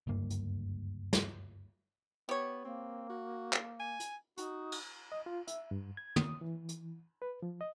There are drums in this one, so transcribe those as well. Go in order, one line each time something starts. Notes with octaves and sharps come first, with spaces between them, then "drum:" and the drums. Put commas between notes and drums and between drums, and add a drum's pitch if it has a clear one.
F#1 D2 G2 A#3
drum: hi-hat
drum: snare
B3 G4 C#5
A#3 C4
F#4
drum: clap
G#5
drum: hi-hat
D#4 F#4, drum: hi-hat
drum: cymbal
D#5
F4
E5, drum: hi-hat
G2
G#6
D#6, drum: tom
E3
drum: hi-hat
B4
F3
D#5